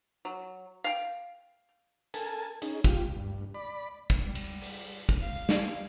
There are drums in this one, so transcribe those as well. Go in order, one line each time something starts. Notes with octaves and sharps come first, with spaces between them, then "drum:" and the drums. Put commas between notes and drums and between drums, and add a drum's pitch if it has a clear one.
F#3
F5 G5
A4 A#4 G#5 A5, drum: hi-hat
C#4 D#4 G#4, drum: hi-hat
F4 G4, drum: kick
G2
D5 B5
drum: kick
G3
drum: cymbal
drum: open hi-hat
drum: kick
F5
drum: snare